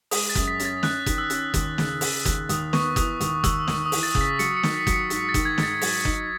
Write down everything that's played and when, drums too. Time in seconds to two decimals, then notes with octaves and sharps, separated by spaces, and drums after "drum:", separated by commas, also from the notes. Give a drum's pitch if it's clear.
0.11 G#3 D#6, drum: open hi-hat
0.29 A6
0.35 F#2, drum: kick F#1, hi-hat
0.48 B6
0.59 C#4, drum: hi-hat
0.65 A6
0.83 C#4 F#6, drum: snare
1.06 D#3, drum: kick F#1, hi-hat
1.18 E6
1.30 C#4, drum: hi-hat
1.54 D#2, drum: kick F#1, hi-hat
1.78 C#3, drum: snare
2.01 C#3, drum: open hi-hat
2.25 D#2, drum: kick F#1, hi-hat
2.49 D#2 D#6, drum: hi-hat
2.73 B3 C#6, drum: snare
2.96 E3 D#6, drum: kick F#1, hi-hat
3.20 D#2, drum: hi-hat
3.44 D#2 E6, drum: kick F#1, hi-hat
3.68 D#2 C#6, drum: snare
3.86 D#6
3.92 E3, drum: open hi-hat
4.03 A6
4.15 C#3, drum: kick F#1
4.21 B6
4.39 F#3 C#7, drum: hi-hat
4.57 C#7
4.63 D#3, drum: snare
4.74 B6
4.87 F#3, drum: kick F#1, hi-hat
4.93 C#7
5.10 G#2 B6, drum: hi-hat
5.29 A6
5.34 D#3, drum: kick F#1, hi-hat
5.45 G#6
5.58 G#2, drum: snare
5.63 A6
5.81 F#3 B6, drum: open hi-hat
6.05 D#4, drum: kick F#1